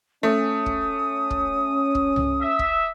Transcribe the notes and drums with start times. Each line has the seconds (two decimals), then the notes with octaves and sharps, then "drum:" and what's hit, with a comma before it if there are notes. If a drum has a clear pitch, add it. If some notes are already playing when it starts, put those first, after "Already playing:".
0.23 A3 C#4 D#6
0.66 drum: kick
1.30 drum: kick
1.95 drum: kick
2.16 drum: tom C2
2.41 E5
2.59 drum: kick